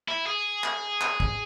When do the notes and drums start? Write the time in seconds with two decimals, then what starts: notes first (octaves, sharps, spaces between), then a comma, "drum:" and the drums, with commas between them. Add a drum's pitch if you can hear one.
0.08 E4
0.27 G#4
0.64 drum: clap
1.01 drum: clap
1.20 drum: kick